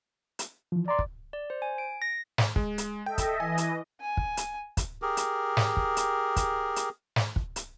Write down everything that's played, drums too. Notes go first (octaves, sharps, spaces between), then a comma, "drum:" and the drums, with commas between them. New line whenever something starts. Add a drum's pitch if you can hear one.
drum: hi-hat
E3 F3
D5 A#5 C6
drum: kick
D5
C5
G#5
D7
A#6
drum: snare
G#3, drum: kick
drum: hi-hat
A4 D#5 E5 G5
drum: kick, hi-hat
E3 D#5 G#5
drum: hi-hat
G#5
drum: kick
drum: hi-hat
drum: kick, hi-hat
G4 G#4 A#4
drum: hi-hat
drum: snare
drum: kick
drum: hi-hat
drum: kick, hi-hat
drum: hi-hat
drum: snare
drum: kick
drum: hi-hat